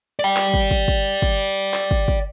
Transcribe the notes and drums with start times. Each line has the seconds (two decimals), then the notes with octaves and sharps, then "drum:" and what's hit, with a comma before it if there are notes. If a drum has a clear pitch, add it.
0.19 D5 G5
0.37 drum: clap
0.54 drum: kick
0.71 drum: kick
0.88 drum: kick
1.22 drum: kick
1.74 drum: clap
1.91 drum: kick
2.08 drum: kick